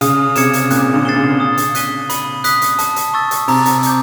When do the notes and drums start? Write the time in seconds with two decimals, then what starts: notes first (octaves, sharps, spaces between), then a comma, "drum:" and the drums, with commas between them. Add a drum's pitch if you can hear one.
0.01 C#3 D#6, drum: hi-hat
0.36 C3 G#6 C#7 E7, drum: hi-hat
0.53 drum: hi-hat
0.70 A#2 F#6, drum: hi-hat
0.94 D3
1.05 A6 C7 E7 G7
1.17 C#3
1.40 D#6
1.57 drum: hi-hat
1.75 F#6 B6 D#7 G7, drum: hi-hat
2.10 B5, drum: hi-hat
2.44 D#6 F#6 B6, drum: hi-hat
2.62 drum: hi-hat
2.79 A5, drum: hi-hat
2.96 drum: hi-hat
3.14 C#6 E6 A6
3.31 drum: hi-hat
3.48 C3 A#5, drum: open hi-hat
3.66 drum: hi-hat
3.83 D6 G6, drum: hi-hat